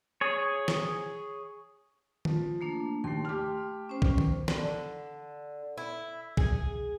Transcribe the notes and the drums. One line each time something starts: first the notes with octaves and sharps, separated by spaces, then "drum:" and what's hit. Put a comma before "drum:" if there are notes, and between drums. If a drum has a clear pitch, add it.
G#4 C#5
drum: snare
F3, drum: tom D#3
A3 A#3 D4
D#2 A3 C6
G4 F6
C#4 C5
drum: kick
drum: tom D#3
D3, drum: snare
E4
G#4, drum: kick